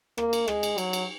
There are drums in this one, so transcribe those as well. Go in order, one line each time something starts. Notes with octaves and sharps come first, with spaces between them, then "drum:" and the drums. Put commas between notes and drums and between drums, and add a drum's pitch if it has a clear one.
A#3, drum: rim click
drum: cymbal
G#3, drum: rim click
drum: cymbal
F#3, drum: cymbal
drum: cymbal